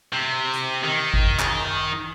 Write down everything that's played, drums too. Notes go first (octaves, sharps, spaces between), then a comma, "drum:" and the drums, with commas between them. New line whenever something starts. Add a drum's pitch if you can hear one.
C3
drum: hi-hat
D#3
drum: kick G#1
drum: clap